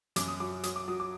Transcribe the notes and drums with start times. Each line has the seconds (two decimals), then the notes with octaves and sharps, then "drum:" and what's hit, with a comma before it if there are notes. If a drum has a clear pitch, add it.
0.16 F#2 D6, drum: hi-hat
0.28 D#6
0.40 F#3 D6
0.63 F#3 D#6, drum: hi-hat
0.76 D6
0.88 F#3 D#6
1.00 D6